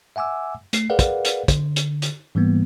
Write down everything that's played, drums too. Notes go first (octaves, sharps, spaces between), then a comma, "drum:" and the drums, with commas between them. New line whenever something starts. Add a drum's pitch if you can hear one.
E5 F#5 G#5 D6 E6
A3 C7, drum: hi-hat
G#4 A#4 B4 D5 F5 F#5
drum: kick, hi-hat
drum: hi-hat
D3, drum: kick, hi-hat
drum: hi-hat
drum: hi-hat
G#2 E3 G3 A#3 B3